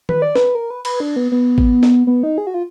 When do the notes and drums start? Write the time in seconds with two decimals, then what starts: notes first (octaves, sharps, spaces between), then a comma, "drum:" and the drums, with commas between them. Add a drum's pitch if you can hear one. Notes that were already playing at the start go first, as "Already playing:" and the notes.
0.09 B4, drum: tom D#3
0.22 D5
0.35 B4, drum: snare
0.55 A#4
0.70 B4
0.85 B4, drum: cymbal
1.00 D4
1.16 B3
1.32 B3
1.58 drum: kick G#1
1.83 drum: snare
2.07 B3
2.23 D#4
2.38 G#4
2.47 F#4
2.54 F4